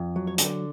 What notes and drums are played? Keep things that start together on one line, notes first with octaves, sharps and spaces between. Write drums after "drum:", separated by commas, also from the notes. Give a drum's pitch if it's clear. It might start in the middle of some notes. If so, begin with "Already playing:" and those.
Already playing: F2
F#3
C#5
D3 D5, drum: hi-hat